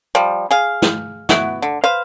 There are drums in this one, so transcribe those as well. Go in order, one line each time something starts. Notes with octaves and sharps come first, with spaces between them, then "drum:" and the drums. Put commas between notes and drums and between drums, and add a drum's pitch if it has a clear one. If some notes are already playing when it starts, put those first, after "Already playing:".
F3 G3
G#4 F5
drum: snare
B3 E4 F#4, drum: snare
D3
B4 C5 F5